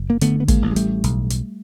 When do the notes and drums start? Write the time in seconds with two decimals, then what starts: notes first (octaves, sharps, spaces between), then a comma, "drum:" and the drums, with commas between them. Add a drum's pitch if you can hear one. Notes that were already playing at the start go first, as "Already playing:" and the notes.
Already playing: F#1
0.10 A#3
0.21 D3 A3 B3, drum: hi-hat
0.40 B3
0.48 G#3 A#3, drum: kick, hi-hat
0.62 A1
0.71 G#3
0.76 G3 A3, drum: hi-hat
1.04 B1, drum: hi-hat
1.30 drum: hi-hat